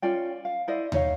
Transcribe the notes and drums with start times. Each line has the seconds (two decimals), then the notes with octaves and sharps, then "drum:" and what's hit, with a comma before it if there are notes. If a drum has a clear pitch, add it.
0.02 C#4 F4 D5 G5
0.45 F5
0.68 E4 C5 D5 D#5
0.92 D#4 C#5 F5, drum: tom D#2